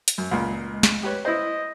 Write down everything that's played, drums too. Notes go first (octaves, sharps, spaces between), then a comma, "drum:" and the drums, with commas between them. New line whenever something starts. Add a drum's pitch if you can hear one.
drum: hi-hat
F#2
C#2 A#2
G#3
drum: snare
G4 B4 C#5
E4 C5 D#5